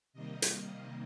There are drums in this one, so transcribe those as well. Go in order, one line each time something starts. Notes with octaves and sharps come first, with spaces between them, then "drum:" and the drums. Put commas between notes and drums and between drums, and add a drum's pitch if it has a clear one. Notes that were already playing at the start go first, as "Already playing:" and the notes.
C3 D#3 G3 A#3 D#5
drum: hi-hat